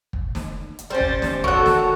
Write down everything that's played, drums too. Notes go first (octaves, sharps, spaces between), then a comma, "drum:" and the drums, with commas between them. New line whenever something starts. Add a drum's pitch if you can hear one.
drum: kick
drum: snare
drum: hi-hat
G3 C#4 C5 A6
drum: kick
drum: snare
D#3 F#4 A4 C#5 C#6 F#6, drum: kick
drum: snare